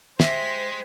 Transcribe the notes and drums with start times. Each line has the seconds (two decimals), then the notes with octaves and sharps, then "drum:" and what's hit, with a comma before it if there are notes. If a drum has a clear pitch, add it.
0.20 G#3 G4 C5 E5 B6, drum: snare